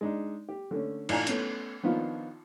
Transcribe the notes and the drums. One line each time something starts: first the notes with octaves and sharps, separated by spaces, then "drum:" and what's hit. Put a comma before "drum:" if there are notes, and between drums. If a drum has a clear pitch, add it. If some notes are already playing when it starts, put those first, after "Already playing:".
G#3 D4 D#4
G4
D3 A3 C#4
A1 D#4 F4 D5 G#5 A#5, drum: cymbal
A3 B3 C#4, drum: hi-hat
D#3 F3 B3 D4 D#4 F4